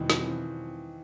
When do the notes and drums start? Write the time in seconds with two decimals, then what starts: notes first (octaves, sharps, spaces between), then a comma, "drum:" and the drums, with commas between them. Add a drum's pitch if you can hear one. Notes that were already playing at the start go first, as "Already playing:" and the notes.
Already playing: E2 B2 D#3 E3 G3 C4
0.10 F3, drum: snare
0.26 E3